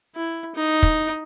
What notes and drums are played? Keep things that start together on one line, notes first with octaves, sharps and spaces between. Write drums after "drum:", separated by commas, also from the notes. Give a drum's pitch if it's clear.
E4
D#4
drum: kick